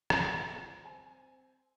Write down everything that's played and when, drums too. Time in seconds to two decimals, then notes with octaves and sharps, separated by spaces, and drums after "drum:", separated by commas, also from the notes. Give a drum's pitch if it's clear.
0.10 G3 B5, drum: rim click
0.49 C4
0.85 C4 G#5